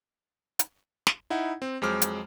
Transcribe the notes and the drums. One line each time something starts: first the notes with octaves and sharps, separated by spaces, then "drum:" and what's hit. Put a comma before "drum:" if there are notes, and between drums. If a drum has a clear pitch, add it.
drum: hi-hat
drum: snare
D#4 E4 F#5
C4
F2 F#3 G#3 C5 D6 F6
drum: hi-hat